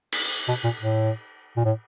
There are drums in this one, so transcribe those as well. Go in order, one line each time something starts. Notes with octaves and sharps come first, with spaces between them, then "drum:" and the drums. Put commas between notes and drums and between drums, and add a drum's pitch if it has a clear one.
drum: cymbal
B2
A#2
A2
A#2
A2